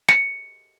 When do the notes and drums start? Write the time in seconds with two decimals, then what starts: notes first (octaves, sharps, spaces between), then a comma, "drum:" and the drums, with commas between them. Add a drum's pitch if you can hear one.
0.08 C#7, drum: snare